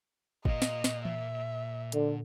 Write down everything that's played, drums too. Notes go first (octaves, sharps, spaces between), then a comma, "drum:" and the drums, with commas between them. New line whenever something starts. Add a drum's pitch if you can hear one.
A#2 D#5 F5, drum: kick G1
drum: snare
drum: snare
E5, drum: tom E3
D3, drum: hi-hat